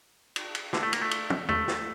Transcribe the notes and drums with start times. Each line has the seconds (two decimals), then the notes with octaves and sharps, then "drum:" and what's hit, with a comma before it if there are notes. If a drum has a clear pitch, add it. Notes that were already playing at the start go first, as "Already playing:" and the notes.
0.36 drum: cymbal
0.55 drum: cymbal
0.73 D3, drum: snare
0.83 A3
0.93 A#3, drum: cymbal
1.02 A3
1.11 drum: cymbal
1.30 drum: tom
1.49 A3, drum: tom E2
1.68 drum: snare